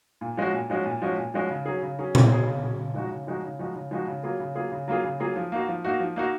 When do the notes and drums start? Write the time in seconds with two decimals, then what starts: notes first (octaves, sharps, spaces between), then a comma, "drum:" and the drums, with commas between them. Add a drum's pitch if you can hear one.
0.21 A#2
0.37 F3 G#3 C#4 F#4
0.53 A#2
0.70 F3 G#3 C#4 F#4
0.86 A#2
1.02 F3 G#3 C#4 F#4
1.18 A#2
1.34 F3 G#3 C#4 F#4
1.50 C#3
1.66 F#3 C#4 G#4
1.82 C#3
1.99 F#3 C#4 G#4
2.15 C#3, drum: tom A#2
2.30 F#3 C#4 G#4
2.46 C#3
2.63 F#3 C#4 G#4
2.79 C#3
2.94 F3 G#3 D#4 F#4
3.11 C#3
3.27 F3 G#3 D#4 F#4
3.43 C#3
3.59 F3 G#3 D#4 F#4
3.76 C#3
3.91 F3 G#3 D#4 F#4
4.07 C#3
4.24 F#3 A#3 F4 G#4
4.40 C#3
4.56 F#3 A#3 F4 G#4
4.72 C#3
4.88 F#3 A#3 F4 G#4
5.04 C#3
5.20 F#3 A#3 F4 G#4
5.36 F3
5.52 A#3 D#4 F#4
5.68 F3
5.85 A#3 D#4 F#4
6.00 F3
6.16 A#3 D#4 F#4